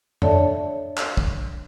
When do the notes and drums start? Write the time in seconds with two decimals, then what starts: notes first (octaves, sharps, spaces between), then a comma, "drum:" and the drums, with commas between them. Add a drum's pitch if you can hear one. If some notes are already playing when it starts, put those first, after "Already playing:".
0.22 D4 A4 C#5 D5 E5 A5, drum: tom
0.97 drum: clap
1.17 drum: kick